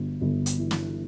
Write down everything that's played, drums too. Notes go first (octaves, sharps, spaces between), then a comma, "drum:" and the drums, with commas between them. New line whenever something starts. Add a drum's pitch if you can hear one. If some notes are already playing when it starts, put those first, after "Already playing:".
Already playing: G1 G2
G1
drum: hi-hat
E3
drum: snare